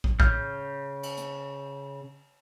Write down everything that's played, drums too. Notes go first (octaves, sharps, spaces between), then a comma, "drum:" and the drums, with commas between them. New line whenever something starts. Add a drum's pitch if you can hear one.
drum: kick
C#3 F6 G6, drum: kick
drum: cymbal
drum: hi-hat